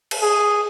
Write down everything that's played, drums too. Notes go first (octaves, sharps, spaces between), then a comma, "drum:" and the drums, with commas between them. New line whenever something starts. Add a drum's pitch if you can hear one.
drum: cymbal
G#4